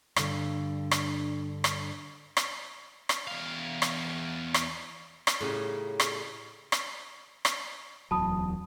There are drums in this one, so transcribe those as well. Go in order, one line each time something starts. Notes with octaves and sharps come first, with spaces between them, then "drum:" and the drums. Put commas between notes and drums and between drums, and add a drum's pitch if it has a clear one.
G2 D3, drum: rim click
drum: rim click
drum: rim click
drum: rim click
drum: rim click
E2 F5
drum: rim click
drum: rim click
drum: rim click
A2 C#3 G3 D#4
drum: rim click
drum: rim click
drum: rim click
D1 E2 F#3 A5 B5 D#6